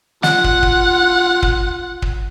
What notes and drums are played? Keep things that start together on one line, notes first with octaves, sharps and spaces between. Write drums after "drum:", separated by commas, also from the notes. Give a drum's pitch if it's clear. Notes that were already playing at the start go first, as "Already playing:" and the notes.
F4 F#5, drum: snare
drum: kick
drum: kick
drum: kick
drum: kick